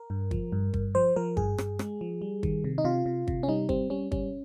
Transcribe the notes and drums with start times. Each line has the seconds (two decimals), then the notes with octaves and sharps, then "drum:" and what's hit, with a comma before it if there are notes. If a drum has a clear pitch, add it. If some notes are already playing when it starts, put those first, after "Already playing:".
Already playing: A#4
0.10 G2
0.31 F3, drum: kick
0.52 G2
0.74 G2, drum: kick
0.95 F3 C5
1.16 F3 A#4
1.37 G2 G#4, drum: kick
1.58 G2, drum: rim click
1.79 G#3, drum: rim click
2.01 F3
2.22 G3
2.43 D#3, drum: kick
2.64 C3
2.78 D#4
2.84 C3 F4
3.06 C3
3.27 C3, drum: kick
3.43 C#4
3.48 G3 D#4
3.69 G3 C4, drum: kick
3.90 G3 C#4
4.12 G3 C#4, drum: kick